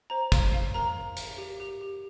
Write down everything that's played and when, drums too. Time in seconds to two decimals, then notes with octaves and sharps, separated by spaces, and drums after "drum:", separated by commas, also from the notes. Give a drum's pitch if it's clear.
0.10 C5 A#5
0.32 F5 C6, drum: kick, hi-hat
0.53 F5
0.74 A#4 A#5
0.96 F5
1.17 A#4, drum: hi-hat
1.38 G4
1.60 G4
1.81 G4